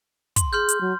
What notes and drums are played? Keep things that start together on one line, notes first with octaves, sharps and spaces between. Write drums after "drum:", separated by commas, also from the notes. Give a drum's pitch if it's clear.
C6, drum: kick, hi-hat
G#4 C6 F6 G6
drum: hi-hat
F#3